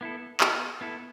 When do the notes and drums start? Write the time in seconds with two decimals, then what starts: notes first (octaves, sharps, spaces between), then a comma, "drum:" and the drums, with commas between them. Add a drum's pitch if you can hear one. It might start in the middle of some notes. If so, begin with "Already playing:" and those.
0.01 B3 E4 A4
0.40 B3 E4 A4, drum: clap
0.81 B3 E4 A4